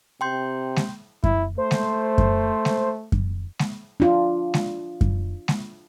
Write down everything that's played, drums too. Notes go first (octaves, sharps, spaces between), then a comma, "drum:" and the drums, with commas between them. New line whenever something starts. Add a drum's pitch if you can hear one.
C3 G5 C6 G6
drum: snare G#3
E4, drum: kick F#2
A3 C5
drum: snare G#3
drum: kick F#2
drum: snare G#3
drum: kick F#2
drum: snare G#3
D4 F4
drum: snare G#3
drum: kick F#2
drum: snare G#3